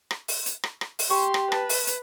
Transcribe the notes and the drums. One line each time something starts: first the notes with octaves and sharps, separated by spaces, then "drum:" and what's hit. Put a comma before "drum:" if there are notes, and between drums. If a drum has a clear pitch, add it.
drum: rim click
drum: open hi-hat
drum: hi-hat
drum: rim click
drum: rim click
drum: open hi-hat
G4 C6 C#6
drum: rim click
B4 A5, drum: rim click
drum: open hi-hat
drum: hi-hat